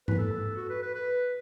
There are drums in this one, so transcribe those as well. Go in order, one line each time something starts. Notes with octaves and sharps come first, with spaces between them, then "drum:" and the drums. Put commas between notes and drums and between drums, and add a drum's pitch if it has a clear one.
B4, drum: tom G#2
A4
F#4
B4
B4
B4